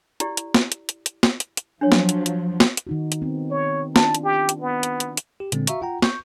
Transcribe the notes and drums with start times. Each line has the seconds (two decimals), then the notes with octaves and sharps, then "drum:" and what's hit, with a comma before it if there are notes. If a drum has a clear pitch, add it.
0.20 E4 G4 D5, drum: hi-hat
0.37 drum: hi-hat
0.54 drum: snare
0.72 drum: hi-hat
0.89 drum: hi-hat
1.06 drum: hi-hat
1.23 drum: snare
1.40 drum: hi-hat
1.57 drum: hi-hat
1.81 F3 F#3 D4 C#5
1.92 drum: snare
2.09 drum: hi-hat
2.26 drum: hi-hat
2.60 drum: snare
2.77 drum: hi-hat
2.87 D#3 D#4 F#4
3.12 drum: hi-hat
3.22 B3 C4
3.51 C#5
3.96 D4 F4 A5, drum: snare
4.15 drum: hi-hat
4.24 G4
4.49 drum: hi-hat
4.62 B3
4.83 drum: hi-hat
5.00 drum: hi-hat
5.17 drum: hi-hat
5.40 G4
5.52 A#2 D3 G#3 C4, drum: hi-hat
5.67 F#4 E5 F5 A#5 C#6, drum: hi-hat
5.82 F4 F#5 G5 A#5
6.02 C#6 G6, drum: snare